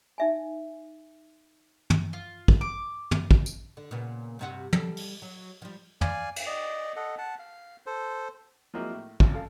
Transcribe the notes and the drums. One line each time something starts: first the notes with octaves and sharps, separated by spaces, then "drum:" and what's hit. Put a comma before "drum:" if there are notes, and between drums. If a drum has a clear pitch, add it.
D#4 E5 G#5
drum: tom
F4
drum: kick
D6
drum: tom
drum: kick
drum: tambourine
D3
A#2 C#3 B3
G2 C3 F#4
G3 A4, drum: tom
drum: open hi-hat
F#3
F3 G3
D5 F5 G#5, drum: tom
drum: cymbal
D5 D#5
A4 D#5 F#5
F#5 A5
F5
A4 C5
F3 F#3 G#3 A#3 C4 E4
A2
G#1 C#2, drum: kick
A4 F5